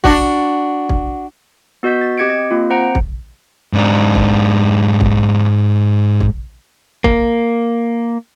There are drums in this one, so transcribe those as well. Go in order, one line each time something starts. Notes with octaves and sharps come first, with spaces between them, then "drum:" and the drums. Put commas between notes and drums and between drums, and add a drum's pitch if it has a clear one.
D4 F#4, drum: kick
drum: kick
B3 F#4 D#5 G6 B6
A6
C4 G4 D#5 G#6 C#7 D7
D#5
A#3 C4 F4
C4 C5 F#5 A#5 D7
drum: kick
G#2 D4
drum: kick
drum: kick
drum: kick
A#3, drum: kick